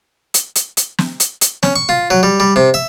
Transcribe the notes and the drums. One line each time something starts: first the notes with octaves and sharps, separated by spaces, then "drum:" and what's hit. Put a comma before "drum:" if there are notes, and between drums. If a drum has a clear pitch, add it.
drum: hi-hat
drum: hi-hat
drum: hi-hat
drum: snare
drum: hi-hat
drum: hi-hat
C#4, drum: snare
C#6
F4
F#3
G3
G3
C3
E5